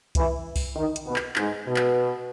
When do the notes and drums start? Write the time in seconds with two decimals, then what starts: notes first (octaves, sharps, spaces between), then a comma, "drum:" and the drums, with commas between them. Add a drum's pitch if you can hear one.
0.15 E3 E4, drum: kick C2, hi-hat
0.56 drum: kick C2, open hi-hat
0.75 D#3 D#4
0.96 drum: hi-hat
1.05 B2 B3
1.16 drum: clap
1.36 G#2 G#3, drum: clap
1.66 B2 B3
1.76 drum: clap